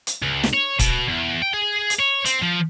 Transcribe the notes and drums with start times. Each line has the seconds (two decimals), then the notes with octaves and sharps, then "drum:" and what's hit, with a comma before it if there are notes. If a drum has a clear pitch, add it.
0.07 drum: hi-hat
0.22 C#2
0.44 drum: snare
0.54 C#5
0.79 B2, drum: kick, hi-hat
1.09 E2
1.42 G5
1.53 G#4
1.90 drum: hi-hat
2.00 C#5
2.25 C4, drum: hi-hat
2.42 F3